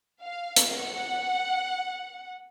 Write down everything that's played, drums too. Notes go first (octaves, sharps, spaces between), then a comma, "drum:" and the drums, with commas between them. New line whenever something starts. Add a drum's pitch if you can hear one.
F5
drum: hi-hat
F#5